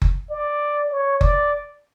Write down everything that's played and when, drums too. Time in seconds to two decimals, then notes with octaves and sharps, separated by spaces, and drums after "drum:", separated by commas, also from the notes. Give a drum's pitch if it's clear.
0.02 drum: kick F#1
0.31 D5
0.91 C#5
1.21 D5, drum: kick F#1